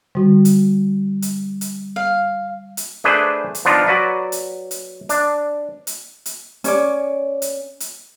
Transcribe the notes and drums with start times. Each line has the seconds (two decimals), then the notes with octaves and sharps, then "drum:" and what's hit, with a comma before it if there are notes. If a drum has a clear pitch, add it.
0.15 D3 G3 F#4
0.45 drum: hi-hat
1.22 drum: hi-hat
1.61 drum: hi-hat
1.96 F5
2.77 drum: hi-hat
3.04 A3 D4 G#4 B4 C5
3.55 drum: hi-hat
3.65 F3 B3 D4 D#4 F4
3.87 F#3 F#4 B4 D5
4.32 drum: hi-hat
4.71 drum: hi-hat
5.09 D4, drum: hi-hat
5.87 drum: hi-hat
6.26 drum: hi-hat
6.64 C#4 C#5 D5, drum: hi-hat
7.42 drum: hi-hat
7.80 drum: hi-hat